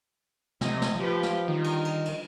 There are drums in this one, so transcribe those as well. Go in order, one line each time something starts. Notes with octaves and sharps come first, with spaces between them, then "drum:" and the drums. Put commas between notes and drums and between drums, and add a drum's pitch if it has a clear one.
C3 F3 A3 D#5, drum: snare
drum: snare
F3 F4 G4 B4
drum: snare
D3 D#3 G3 F4
drum: cymbal
drum: cymbal
drum: cymbal